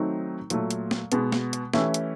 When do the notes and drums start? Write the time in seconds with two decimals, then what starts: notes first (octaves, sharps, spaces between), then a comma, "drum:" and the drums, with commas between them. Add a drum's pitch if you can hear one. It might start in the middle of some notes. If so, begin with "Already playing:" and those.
Already playing: D#3 F#3 A3 C4 D#4
0.50 A#2 F#3 A3, drum: hi-hat
0.71 drum: hi-hat
0.91 drum: snare
1.12 B2 G#3 B3, drum: hi-hat
1.32 drum: snare
1.53 drum: hi-hat
1.74 E3 A3 C#4 E4 G4, drum: snare
1.94 drum: hi-hat